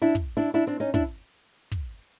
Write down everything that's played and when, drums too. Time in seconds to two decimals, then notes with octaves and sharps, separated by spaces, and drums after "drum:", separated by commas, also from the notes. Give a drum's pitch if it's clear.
0.02 D4 E4
0.15 drum: kick
0.37 D4 E4
0.54 D4 E4
0.67 C4 D4
0.80 C#4 D#4
0.94 D4 E4, drum: kick
1.72 drum: kick